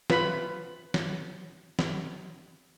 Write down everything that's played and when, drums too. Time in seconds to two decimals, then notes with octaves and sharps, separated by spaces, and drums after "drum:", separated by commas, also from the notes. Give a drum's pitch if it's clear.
0.10 F4 B4 B5, drum: snare
0.94 drum: snare
1.79 drum: snare